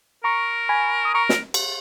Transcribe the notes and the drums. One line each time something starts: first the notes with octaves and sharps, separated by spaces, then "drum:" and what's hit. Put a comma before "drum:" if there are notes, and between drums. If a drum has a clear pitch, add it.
A#4 A#5 C#6
G#5 B5
D#6
A#4 A#5 C#6
drum: snare
drum: cymbal